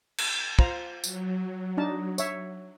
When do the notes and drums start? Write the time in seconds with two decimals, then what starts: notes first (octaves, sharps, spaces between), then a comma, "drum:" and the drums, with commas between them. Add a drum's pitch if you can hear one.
0.18 drum: cymbal
0.59 F4 C5 A#5, drum: kick
1.04 F#3, drum: tambourine
1.77 D4 D#4 A5
2.18 C#5 E5, drum: tambourine